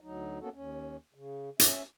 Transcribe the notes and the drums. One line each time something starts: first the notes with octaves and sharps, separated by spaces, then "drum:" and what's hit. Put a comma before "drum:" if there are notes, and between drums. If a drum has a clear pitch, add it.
D2 F#3 D#4
A#3 B3 C#4 F#4 A4
D#2 C#4
C#3
C#4 E5, drum: hi-hat